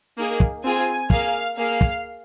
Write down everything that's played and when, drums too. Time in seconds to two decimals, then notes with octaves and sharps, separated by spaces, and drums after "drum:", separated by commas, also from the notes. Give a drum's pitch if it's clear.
0.17 A#3 D#4 G#4
0.40 drum: kick
0.63 C4 F4 G#4 G#5
1.10 A#3 G#4 F5, drum: kick
1.58 A#3 G#4 F5
1.81 drum: kick